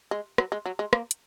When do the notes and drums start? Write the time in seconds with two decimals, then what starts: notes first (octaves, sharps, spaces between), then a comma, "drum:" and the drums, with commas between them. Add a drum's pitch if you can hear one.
0.11 G#3
0.38 F#3, drum: rim click
0.52 G#3
0.66 F#3
0.79 G#3
0.93 A#3, drum: rim click
1.11 drum: hi-hat